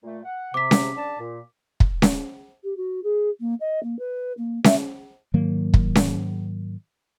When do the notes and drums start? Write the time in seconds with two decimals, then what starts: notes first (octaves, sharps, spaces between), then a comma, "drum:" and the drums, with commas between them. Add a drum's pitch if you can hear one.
0.04 A#2 A3
0.24 F#5
0.54 C3 D6 B6
0.71 drum: snare C#4
0.97 D4 A5
1.19 A#2
1.80 drum: kick
2.02 drum: snare C#4
2.64 G4
2.77 F#4
3.04 G#4
3.40 A#3
3.60 D#5
3.83 A#3
3.99 B4
4.37 A#3
4.64 E5, drum: snare C#4
5.34 G#2 D#3 F#3 A#3
5.74 drum: kick
5.95 drum: snare C#4